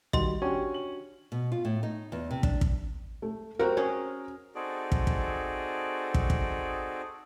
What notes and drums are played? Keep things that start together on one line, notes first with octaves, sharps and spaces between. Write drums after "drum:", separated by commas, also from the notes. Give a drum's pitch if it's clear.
D#3 G3 F#4 D#5 C6, drum: kick
C#4 D4 F#4 G4
F#7
B2
F4
A2
D#4
E2
C3
D4, drum: kick
drum: kick
A3
C4 F#4 A#4
C#4 G#4 C#5
C4 D#4 F#4 G#4 A4 D5
drum: kick
drum: kick
drum: kick
drum: kick